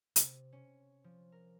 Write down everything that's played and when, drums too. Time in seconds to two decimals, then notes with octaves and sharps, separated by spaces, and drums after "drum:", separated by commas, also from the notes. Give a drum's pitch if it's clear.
0.16 C3, drum: hi-hat
0.52 C#4
1.04 F3
1.32 A#4